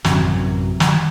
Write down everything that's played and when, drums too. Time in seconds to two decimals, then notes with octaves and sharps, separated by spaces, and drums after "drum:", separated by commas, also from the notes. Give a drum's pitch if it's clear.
0.05 A1 F#2 C3 F#3, drum: snare
0.80 drum: snare